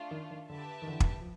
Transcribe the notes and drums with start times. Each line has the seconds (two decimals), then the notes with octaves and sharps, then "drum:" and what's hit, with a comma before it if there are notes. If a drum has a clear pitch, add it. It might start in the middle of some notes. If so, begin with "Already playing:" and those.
Already playing: A3 D4 F4
0.11 D#3
0.31 D#3
0.49 D3 G4 B4 E5 A5
0.82 D#3
0.87 D3 E3
1.00 drum: kick
1.21 F3